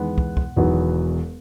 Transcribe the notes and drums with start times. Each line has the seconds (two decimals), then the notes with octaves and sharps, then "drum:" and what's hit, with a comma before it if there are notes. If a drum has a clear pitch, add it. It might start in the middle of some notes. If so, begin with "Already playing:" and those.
Already playing: E2 D#3 G#3 B3 F#5
0.18 drum: kick
0.37 drum: kick
0.56 E1 E2 D#3 F#3 B3